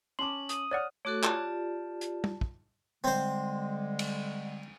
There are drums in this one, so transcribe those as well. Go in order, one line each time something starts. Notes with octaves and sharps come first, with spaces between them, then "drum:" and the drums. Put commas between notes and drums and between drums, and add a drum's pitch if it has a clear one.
C#4 A5 C6 D6 F#7
D#6, drum: hi-hat
C#5 D5 F#5 F6 F#6
A3 F#4 A4 C#5 D6 F#6
F4 G4 D5 A5, drum: clap
drum: hi-hat
drum: tom
drum: kick
D3 G3 G#3 C4 C5
drum: cymbal